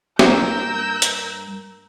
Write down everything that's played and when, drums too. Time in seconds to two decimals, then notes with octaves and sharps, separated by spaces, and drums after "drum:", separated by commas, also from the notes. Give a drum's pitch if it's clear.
0.19 G2 A#3 E4 A#4 E6 G6, drum: snare
1.02 drum: hi-hat